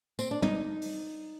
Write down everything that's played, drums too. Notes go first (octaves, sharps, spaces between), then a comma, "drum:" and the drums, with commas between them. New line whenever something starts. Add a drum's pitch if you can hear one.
C4, drum: tambourine
D4
D#4, drum: tom
drum: open hi-hat